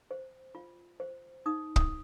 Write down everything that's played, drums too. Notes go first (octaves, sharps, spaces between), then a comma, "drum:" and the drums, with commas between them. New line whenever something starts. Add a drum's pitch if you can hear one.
C5
F4
C5
D#4 D#6
D#6, drum: kick